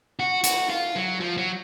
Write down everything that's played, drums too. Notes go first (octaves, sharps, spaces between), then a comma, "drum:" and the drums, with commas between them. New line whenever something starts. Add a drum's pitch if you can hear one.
F#4
F#4, drum: hi-hat
F4
F#3
F3
F#3